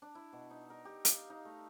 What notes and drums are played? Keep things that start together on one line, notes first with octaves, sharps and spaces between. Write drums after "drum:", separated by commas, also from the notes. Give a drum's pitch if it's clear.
D4
E4
B2
D#4
A#4
G4
F5, drum: hi-hat
D#4
A3